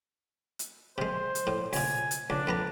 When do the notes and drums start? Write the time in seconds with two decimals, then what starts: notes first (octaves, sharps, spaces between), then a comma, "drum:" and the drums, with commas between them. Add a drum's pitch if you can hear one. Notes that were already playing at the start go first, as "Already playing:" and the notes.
0.59 drum: hi-hat
0.98 C3 G#3 C5
1.35 drum: hi-hat
1.47 A2
1.73 C#2 B2 G#5, drum: open hi-hat
2.11 drum: hi-hat
2.30 C#2 D4
2.47 F2 B3 A#5